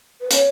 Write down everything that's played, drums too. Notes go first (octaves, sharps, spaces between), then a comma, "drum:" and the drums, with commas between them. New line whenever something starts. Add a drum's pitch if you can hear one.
B4
C#5, drum: hi-hat